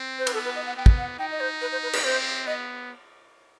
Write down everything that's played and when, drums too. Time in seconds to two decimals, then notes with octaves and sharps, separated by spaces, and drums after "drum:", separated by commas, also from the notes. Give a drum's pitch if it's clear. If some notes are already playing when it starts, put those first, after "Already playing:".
Already playing: C4
0.19 C5
0.27 B4, drum: cymbal
0.34 B3 A4
0.45 B4
0.56 D#5
0.66 F#5
0.76 B3 G5
0.86 drum: kick
0.98 F#5
1.19 D#4 G5
1.32 D#5
1.40 C5
1.61 B4
1.72 C5
1.83 B4
1.93 B4, drum: cymbal
2.04 C4 C5
2.46 B3 D#5